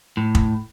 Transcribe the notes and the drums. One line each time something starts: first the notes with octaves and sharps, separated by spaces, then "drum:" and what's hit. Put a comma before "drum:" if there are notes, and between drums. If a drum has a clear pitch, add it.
A2
drum: kick